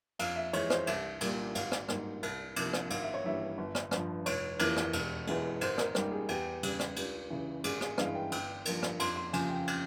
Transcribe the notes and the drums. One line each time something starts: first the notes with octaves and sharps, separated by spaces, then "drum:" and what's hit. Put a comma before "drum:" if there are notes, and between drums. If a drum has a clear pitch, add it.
F2 F5, drum: cymbal
E5
E3 G#3 C#5, drum: cymbal
C5, drum: rim click
C2 E5, drum: cymbal
A#2 G3 A#3, drum: cymbal
G#1 F5, drum: cymbal
drum: rim click
G#2 G3 A#3, drum: rim click
C2, drum: cymbal
C3 F3 A#3, drum: cymbal
drum: rim click
G#1 F5, drum: cymbal
E5
C#5
G2 E3 G3 E5
G1
drum: rim click
G2 F3, drum: rim click
F1 C#5, drum: cymbal
F2 E3 A#3, drum: cymbal
drum: rim click
E1, drum: cymbal
E2 E3 G#3, drum: cymbal
G#1 C5, drum: cymbal
A#4, drum: rim click
G#2 G3 A#3 G4, drum: rim click
G#4
E2 G4, drum: cymbal
C#3 G3, drum: cymbal
drum: rim click
C#2, drum: cymbal
C#3 E3
G#1 G#4, drum: cymbal
G#4, drum: rim click
G2 E3 G#3 F5, drum: rim click
G5
G1 G5, drum: cymbal
G2 F3 A#3, drum: cymbal
drum: rim click
F2 C6, drum: cymbal
C6
C#3 F3 G#5, drum: cymbal
G5
drum: cymbal